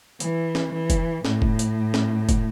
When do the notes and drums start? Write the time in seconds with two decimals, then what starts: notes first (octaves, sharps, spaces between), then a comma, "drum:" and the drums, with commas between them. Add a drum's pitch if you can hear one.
0.20 E3, drum: hi-hat
0.55 drum: snare
0.72 E3
0.90 drum: kick, hi-hat
1.25 A2, drum: snare
1.42 drum: kick
1.59 drum: hi-hat
1.94 drum: snare
2.29 drum: kick, hi-hat